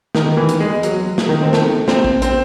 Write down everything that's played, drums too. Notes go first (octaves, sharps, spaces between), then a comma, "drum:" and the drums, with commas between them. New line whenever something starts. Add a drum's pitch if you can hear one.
D#3, drum: snare
E3
drum: hi-hat
G#3
F#3, drum: hi-hat
drum: snare
D#3
C4
A3, drum: snare
C4, drum: snare
drum: kick A1
C4, drum: hi-hat